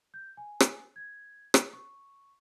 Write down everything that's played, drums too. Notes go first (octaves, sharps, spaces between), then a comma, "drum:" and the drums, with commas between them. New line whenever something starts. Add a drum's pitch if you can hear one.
G6
G#5
drum: rim click
G#6
drum: rim click
C#6